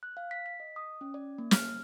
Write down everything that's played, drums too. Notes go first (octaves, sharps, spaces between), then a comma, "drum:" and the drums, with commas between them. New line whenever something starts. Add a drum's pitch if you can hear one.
F#6
F5
B6
B6
D#5
D#6
C#4
D5
A#3
F6, drum: snare